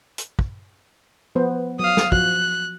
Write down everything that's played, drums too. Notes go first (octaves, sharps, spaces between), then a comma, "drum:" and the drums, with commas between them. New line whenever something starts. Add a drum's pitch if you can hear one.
drum: hi-hat
drum: kick
F3 B3 C5
F#3 F5 D#6
drum: snare
F3 F#4 F#6, drum: kick